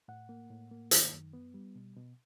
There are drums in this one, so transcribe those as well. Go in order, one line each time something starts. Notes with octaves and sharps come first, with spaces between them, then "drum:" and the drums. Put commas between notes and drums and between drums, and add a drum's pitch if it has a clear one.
A2 F#5
A#3
A2
A#3
D#3, drum: hi-hat
F#2
B3
G3
B2
B2